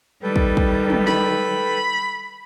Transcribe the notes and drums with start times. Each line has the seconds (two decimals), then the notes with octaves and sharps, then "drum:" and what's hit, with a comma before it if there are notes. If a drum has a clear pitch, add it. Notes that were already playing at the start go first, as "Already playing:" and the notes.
0.23 D#3 G3 A4 B4 G5
0.36 drum: kick
0.57 drum: kick
0.90 drum: tom
1.07 B5, drum: snare